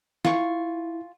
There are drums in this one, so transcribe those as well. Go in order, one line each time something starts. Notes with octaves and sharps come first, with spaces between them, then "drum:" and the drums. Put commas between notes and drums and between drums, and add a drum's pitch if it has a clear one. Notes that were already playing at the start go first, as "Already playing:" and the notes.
E4 F4 G#5 C#6, drum: snare